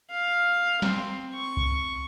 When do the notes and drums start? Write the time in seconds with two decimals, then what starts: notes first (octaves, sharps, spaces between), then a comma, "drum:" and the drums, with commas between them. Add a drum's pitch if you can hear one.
0.11 F5
0.82 C4, drum: snare
1.35 C#6
1.57 drum: kick C2